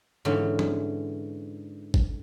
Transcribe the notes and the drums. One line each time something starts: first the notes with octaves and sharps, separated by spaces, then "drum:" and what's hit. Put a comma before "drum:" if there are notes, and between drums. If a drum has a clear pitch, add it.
G#2 D3 E3 C#4
drum: tom E3
drum: kick